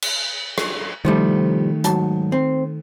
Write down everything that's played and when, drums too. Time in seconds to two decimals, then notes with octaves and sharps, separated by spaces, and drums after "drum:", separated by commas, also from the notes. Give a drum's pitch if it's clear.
0.02 drum: cymbal
0.58 drum: rim click
1.05 C2 D#3 F3 G3 A3
1.84 G#2 F#3 A5, drum: hi-hat
2.32 C4